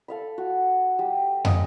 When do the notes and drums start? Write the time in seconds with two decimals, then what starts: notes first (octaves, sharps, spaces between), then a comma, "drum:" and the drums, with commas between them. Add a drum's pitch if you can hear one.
0.08 A4 F5 B5
0.38 F#4
0.99 G3
1.45 C#4 D#5 F5, drum: tom